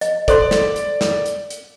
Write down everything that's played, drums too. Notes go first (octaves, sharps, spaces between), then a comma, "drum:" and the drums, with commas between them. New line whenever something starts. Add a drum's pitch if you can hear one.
D#5, drum: hi-hat
A4 C5 D5 C6, drum: kick, hi-hat
drum: snare
drum: hi-hat
drum: snare
drum: hi-hat
drum: hi-hat